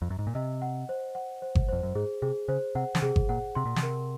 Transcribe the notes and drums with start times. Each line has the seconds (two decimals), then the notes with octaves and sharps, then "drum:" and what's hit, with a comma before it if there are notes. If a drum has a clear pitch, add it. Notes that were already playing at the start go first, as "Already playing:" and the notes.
0.02 F2
0.10 F#2
0.19 G#2
0.27 A#2
0.35 C3 D#5
0.62 F#5
0.89 C5
1.15 F#5
1.42 C5
1.55 drum: kick G1
1.68 F2 C5
1.83 F#2
1.95 G#2 G#4
2.22 C3 G#4
2.48 C#3 C5
2.75 C3 F#5
2.95 C#3, drum: snare
3.02 C3 G#4
3.16 drum: kick G1
3.29 A#2 F#5
3.55 C3 C6
3.65 A#2
3.76 C3, drum: snare
3.83 A#4